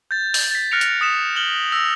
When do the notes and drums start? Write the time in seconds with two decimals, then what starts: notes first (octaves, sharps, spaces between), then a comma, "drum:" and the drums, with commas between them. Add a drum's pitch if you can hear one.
0.11 G6 A6
0.34 drum: open hi-hat
0.51 A6 B6
0.72 F6 F#6 A#6 C#7 D7 F7
0.81 drum: hi-hat
1.01 D#6 B6 C#7 E7
1.36 F6 F#7 G7
1.72 E6 A#6 F7